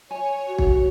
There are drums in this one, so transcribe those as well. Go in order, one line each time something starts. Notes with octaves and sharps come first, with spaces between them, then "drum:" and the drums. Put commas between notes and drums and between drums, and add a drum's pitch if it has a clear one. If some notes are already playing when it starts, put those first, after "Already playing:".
C#5 G#5
F#4
drum: kick